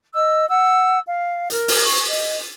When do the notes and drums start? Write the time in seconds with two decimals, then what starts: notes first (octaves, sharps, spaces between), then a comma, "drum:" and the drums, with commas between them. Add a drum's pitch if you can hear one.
0.15 D#5 E6
0.49 F#5 E6
1.07 F5
1.50 A#4, drum: hi-hat
1.68 drum: open hi-hat
1.85 C#6
2.08 D#5